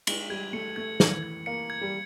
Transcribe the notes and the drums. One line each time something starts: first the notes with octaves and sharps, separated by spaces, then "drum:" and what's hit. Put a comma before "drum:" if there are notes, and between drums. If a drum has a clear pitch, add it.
G#3 F#7, drum: cymbal
G3 G#6
A3 C#7
A3 G#6
E3 F#7, drum: snare
G#6
A#3 C#7
G#6
G3